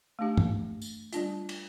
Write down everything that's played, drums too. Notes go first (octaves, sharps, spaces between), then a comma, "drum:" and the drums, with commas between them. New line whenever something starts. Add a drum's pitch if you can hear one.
A3 D4 G4
drum: tom
drum: tambourine
G3 D4 F4, drum: hi-hat
drum: cymbal